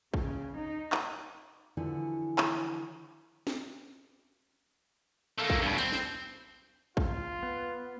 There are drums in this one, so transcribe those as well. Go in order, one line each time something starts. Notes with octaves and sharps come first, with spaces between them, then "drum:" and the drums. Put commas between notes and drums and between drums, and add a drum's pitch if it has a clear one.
C#3, drum: kick
D#4
drum: clap
D3 E3 F3 E4 F#4 G#5
drum: clap
drum: snare
A3 A#3
drum: kick
G2 B2
C4, drum: hi-hat
drum: snare
F4, drum: kick
B3